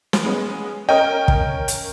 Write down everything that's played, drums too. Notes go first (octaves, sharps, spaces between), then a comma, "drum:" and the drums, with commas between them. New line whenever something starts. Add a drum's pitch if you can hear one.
drum: snare
G#3 B3 C#4
C#4 A#4 C#5 D#5 G5 C#6
drum: kick
drum: hi-hat